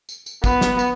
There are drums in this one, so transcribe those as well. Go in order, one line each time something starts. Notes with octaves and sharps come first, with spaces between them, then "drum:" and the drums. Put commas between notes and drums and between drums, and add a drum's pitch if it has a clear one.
drum: tambourine
drum: tambourine
B3, drum: kick, tambourine
drum: snare
drum: tambourine